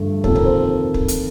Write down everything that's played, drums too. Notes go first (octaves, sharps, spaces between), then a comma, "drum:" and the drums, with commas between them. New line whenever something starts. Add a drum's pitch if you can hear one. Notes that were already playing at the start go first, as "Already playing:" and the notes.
Already playing: G2 D3 F3 A3
F2 C3 D#3 A#3 A4, drum: kick
A#4, drum: kick
C5
drum: kick
drum: hi-hat